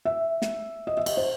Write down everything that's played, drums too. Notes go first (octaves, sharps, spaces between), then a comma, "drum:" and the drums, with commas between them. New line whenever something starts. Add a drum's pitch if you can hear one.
E5
drum: snare
D#5
E5
D#5, drum: cymbal
C5